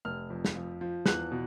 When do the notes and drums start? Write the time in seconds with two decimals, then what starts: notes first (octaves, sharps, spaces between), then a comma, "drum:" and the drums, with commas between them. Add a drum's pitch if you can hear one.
0.05 F1 F6
0.30 F2
0.45 drum: snare
0.55 F3
0.81 F3
1.06 E2 F#6, drum: snare
1.32 B2